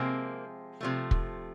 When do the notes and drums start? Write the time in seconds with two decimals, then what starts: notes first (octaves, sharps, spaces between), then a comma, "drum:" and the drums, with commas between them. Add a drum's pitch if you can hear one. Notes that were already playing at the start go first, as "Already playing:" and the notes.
Already playing: C3 F3 G#3 A#3 C4
0.81 C3 F3 A3
1.11 drum: kick